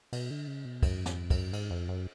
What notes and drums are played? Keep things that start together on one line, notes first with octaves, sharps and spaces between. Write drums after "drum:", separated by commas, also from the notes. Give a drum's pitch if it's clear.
B2, drum: cymbal
D3
C#3
B2
F#2, drum: kick, cymbal
F2, drum: snare
F#2, drum: kick, cymbal
G#2, drum: cymbal
F2
F#2